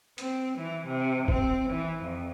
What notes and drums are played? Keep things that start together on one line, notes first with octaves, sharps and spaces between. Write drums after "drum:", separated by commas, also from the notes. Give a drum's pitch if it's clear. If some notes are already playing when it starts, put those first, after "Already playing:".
C4, drum: hi-hat
E3
C3
C4, drum: kick
E3
F2